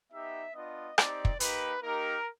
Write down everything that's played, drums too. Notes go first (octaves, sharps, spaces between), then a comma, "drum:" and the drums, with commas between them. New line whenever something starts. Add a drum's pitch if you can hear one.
B3 D#4 G4 E5
B3 D4 F4 D#5
C4 D#4 G4 D5, drum: rim click
drum: kick
A#3 D#4 G4 B4, drum: hi-hat
A#3 D#4 G4 A#4